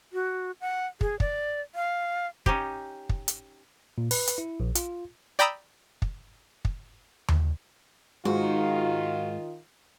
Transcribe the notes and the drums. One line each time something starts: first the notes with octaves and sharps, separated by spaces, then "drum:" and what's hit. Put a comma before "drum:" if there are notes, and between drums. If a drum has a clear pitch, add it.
F#4
F#5
G#4, drum: kick
D5, drum: kick
F5
C#4 D#4 G4, drum: kick
drum: kick
drum: hi-hat
A#2
B4, drum: open hi-hat
drum: hi-hat
E4
A#1
F4, drum: hi-hat
D5 G5 A#5 B5 D#6 E6
drum: kick
drum: kick
drum: tom D#2
G#2 D#3 F4 F#4